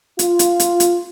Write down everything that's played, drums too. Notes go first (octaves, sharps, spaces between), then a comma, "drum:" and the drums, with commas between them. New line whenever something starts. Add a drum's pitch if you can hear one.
F4, drum: hi-hat
drum: hi-hat
drum: hi-hat
drum: hi-hat